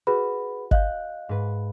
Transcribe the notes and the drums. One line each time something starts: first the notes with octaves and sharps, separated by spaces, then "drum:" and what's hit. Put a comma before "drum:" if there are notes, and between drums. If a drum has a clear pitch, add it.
F#4 G#4 B4 B5
D#5 F5 F#6 G6, drum: kick G#1
G#2 B4